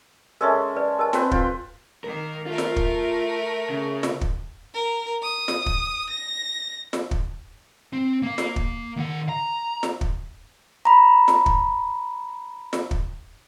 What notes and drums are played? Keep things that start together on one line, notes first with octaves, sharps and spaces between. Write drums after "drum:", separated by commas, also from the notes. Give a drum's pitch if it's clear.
G#3 C#4 A4 A#4 D#5 E5
B4 D5
A#4 D#5 A5
C4 B4, drum: snare
F4 G5, drum: kick
D#3 A#3 A#4
A3 F4 A#4
drum: snare
drum: kick
C#3
drum: snare
drum: kick
A#4
D#6
drum: snare
drum: kick
A#6
drum: snare
drum: kick
C4
A#3 F5
drum: snare
drum: kick
D#3 F#5
A#5
drum: snare
drum: kick
A#5 B5
drum: snare
drum: kick
drum: snare
drum: kick